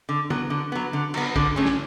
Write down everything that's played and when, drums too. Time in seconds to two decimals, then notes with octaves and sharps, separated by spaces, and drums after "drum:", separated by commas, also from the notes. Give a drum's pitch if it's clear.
0.09 D3
0.30 F#3 B3, drum: tom
0.50 D3
0.72 F#3 B3
0.93 D3
1.14 F#3 B3, drum: cymbal
1.36 D3, drum: kick A#1
1.56 A3 C#4 G#4
1.65 drum: snare